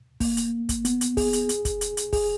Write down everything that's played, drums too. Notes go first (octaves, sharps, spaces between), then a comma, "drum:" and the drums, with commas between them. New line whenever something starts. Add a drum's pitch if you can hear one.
A#3, drum: kick, open hi-hat
drum: hi-hat
drum: kick, hi-hat
B3, drum: hi-hat
drum: hi-hat
G#4, drum: kick, open hi-hat
drum: hi-hat
drum: hi-hat
drum: kick, hi-hat
drum: hi-hat
drum: hi-hat
G#4, drum: kick, open hi-hat